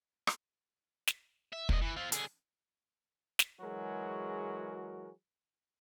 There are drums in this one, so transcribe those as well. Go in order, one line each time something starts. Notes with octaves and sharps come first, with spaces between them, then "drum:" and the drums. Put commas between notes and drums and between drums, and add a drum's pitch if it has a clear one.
drum: rim click
drum: snare
E5
A#2 D#5, drum: kick
E3
C4 F4
D3 G#4, drum: hi-hat
drum: snare
E3 F#3 G#3 F#4 G#4 A#4